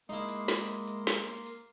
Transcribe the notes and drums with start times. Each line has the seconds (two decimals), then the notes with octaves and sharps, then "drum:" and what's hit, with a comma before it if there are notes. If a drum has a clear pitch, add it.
0.09 G#3 A#3 D#4 E4 C6
0.29 drum: hi-hat
0.48 drum: snare
0.68 drum: hi-hat
0.87 drum: hi-hat
1.07 drum: snare
1.27 drum: open hi-hat
1.46 drum: hi-hat